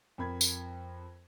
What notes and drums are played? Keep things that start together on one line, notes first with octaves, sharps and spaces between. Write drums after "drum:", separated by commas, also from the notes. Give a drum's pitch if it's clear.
F2 A#4 B5 G#6
drum: tambourine